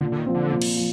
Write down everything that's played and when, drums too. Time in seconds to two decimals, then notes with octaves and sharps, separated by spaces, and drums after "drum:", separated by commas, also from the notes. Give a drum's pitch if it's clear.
0.01 A#2 D3
0.12 D3
0.18 D#3
0.26 F3 C4
0.35 D3
0.51 A#2
0.62 drum: cymbal
0.76 F3